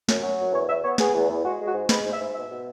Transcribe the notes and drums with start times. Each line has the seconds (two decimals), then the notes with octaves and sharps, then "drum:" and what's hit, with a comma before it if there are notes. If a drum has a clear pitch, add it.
0.09 F#2, drum: snare
0.23 F#3
0.38 F#2
0.53 E2 C#5
0.68 E2 E5
0.84 B3 C#5
0.98 B3 G#4, drum: snare
1.14 E2
1.29 E2
1.44 G#3 F#4
1.60 G#3
1.67 F#4
1.75 G#2
1.89 G#3 B4, drum: snare
2.05 G#2
2.12 E5
2.20 G#2
2.35 B2 E5
2.50 B2